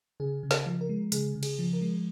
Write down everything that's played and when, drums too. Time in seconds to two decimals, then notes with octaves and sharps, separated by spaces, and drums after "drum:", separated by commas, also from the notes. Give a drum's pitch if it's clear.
0.20 C#3 G#4
0.43 C#3
0.51 A#4, drum: snare
0.66 F3
0.81 A#4
0.89 G#3
1.12 C#3 G#4, drum: hi-hat
1.35 C#3
1.43 G#4, drum: cymbal
1.59 F3
1.73 A#4
1.81 G#3